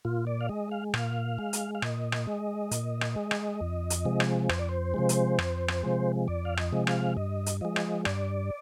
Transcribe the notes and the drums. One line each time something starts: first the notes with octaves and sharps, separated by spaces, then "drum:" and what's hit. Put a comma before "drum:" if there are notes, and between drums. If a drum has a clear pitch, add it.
A#2 F4
D5
F5
G#3 D#5
F5
A#2 F5, drum: rim click
G#3
drum: hi-hat
F5
A#2 D#5, drum: rim click
drum: rim click
G#3
A#2, drum: hi-hat
drum: rim click
G#3
drum: rim click
F2
drum: hi-hat
C3 F3 G#3
drum: rim click
F2 C5, drum: rim click
D5
C5
C3 F3 G#3
drum: hi-hat
F2, drum: rim click
drum: rim click
C3 F3 G#3
F2 D5
F5
D#5, drum: rim click
C3 F3 G#3
F5, drum: rim click
G2 D#5
drum: hi-hat
F3 G#3 D#5
drum: rim click
G2 D5, drum: rim click